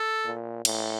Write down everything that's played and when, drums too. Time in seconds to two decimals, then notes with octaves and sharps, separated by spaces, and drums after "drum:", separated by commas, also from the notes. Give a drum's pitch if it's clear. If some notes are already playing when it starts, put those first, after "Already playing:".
Already playing: A4
0.25 A#2
0.65 A2, drum: cymbal